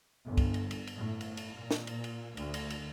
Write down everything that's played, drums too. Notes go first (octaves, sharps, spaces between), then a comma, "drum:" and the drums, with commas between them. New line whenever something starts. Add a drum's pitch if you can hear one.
G1
drum: kick, cymbal
drum: cymbal
drum: cymbal
drum: cymbal
A2
drum: cymbal
drum: cymbal
A#2
drum: snare
drum: cymbal
drum: cymbal
D2, drum: cymbal
drum: cymbal
drum: cymbal